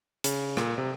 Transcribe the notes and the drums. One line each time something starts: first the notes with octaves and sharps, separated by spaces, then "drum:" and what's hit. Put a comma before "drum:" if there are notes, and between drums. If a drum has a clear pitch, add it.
C#3, drum: hi-hat
A#2, drum: rim click
C3